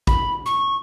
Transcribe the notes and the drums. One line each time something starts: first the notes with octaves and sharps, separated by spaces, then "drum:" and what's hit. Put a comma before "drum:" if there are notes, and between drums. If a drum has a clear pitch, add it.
B5, drum: kick
C#6